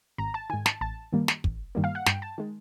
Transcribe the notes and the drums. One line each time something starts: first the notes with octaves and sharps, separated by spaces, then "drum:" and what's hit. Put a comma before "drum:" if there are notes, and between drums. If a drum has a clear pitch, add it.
G#1 A#5
A5
G#2 D#3 G#5
A5, drum: snare
A1 A5
G2 D#3 G3 A#3
drum: snare
A1, drum: kick
G2 D#3 G3 A#3
F5
F#5
G2 G5, drum: snare
A5
D#3 G#3